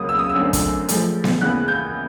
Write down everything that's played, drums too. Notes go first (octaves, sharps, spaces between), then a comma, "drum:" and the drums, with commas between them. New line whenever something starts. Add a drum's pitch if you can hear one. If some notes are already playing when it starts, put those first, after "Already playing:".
Already playing: C#2 C#3 F#3 A#3 D#6
E6
D#6
E6
F#2 D3 F#3 A3 C4
drum: kick, hi-hat
A2 F3 G#3, drum: hi-hat
drum: snare B3
D#2 C#3 E3 G#3 B3 F#6
G6